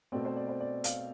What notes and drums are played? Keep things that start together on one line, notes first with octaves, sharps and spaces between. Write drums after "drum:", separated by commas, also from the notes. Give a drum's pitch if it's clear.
B2 A3 C4 D5
C5
D5
C5
D5
F5, drum: hi-hat